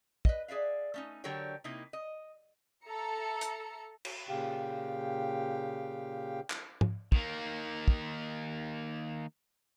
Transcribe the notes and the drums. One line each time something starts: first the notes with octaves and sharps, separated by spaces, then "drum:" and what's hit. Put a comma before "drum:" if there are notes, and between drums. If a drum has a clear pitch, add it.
B4 D#5, drum: kick
G#4 D5 E5 F5
A3 C#4 D#4
D3 F#3 G4 A#4 C#5 G5
C3 A#3 D#4 E4
D#5
A4 E5 A#5 C#7
drum: hi-hat
drum: cymbal
A#2 C#3 G4 F5 G5
drum: clap
drum: tom
D#3 A#3, drum: kick
drum: kick